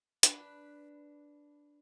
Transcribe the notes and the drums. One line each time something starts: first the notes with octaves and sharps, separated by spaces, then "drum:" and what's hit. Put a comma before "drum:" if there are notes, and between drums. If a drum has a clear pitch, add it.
D4 B4, drum: hi-hat